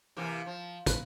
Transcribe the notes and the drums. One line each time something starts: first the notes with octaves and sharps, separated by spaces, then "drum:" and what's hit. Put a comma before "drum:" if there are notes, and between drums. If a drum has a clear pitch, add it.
C3 E3 A#3
F3
B4, drum: kick, hi-hat